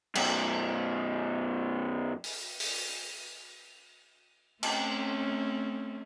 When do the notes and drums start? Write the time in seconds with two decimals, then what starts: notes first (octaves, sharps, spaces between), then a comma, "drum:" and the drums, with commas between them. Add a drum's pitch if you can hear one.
0.15 F#2 B2, drum: cymbal
2.24 drum: open hi-hat
2.60 drum: open hi-hat
4.63 A3 C4 C#4, drum: cymbal